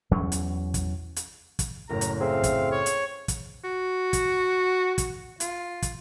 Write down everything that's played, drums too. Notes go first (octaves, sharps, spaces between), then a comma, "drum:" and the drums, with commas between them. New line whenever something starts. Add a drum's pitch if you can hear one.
E2 F#3 C#4
drum: hi-hat
drum: kick, hi-hat
drum: hi-hat
drum: kick, hi-hat
F#1 A2 A#4 A#5
drum: hi-hat
C4 G#4 A4 E5 F5
drum: kick, hi-hat
C#5
drum: hi-hat
drum: kick, hi-hat
F#4
drum: kick, hi-hat
drum: kick, hi-hat
F4, drum: hi-hat
drum: kick, hi-hat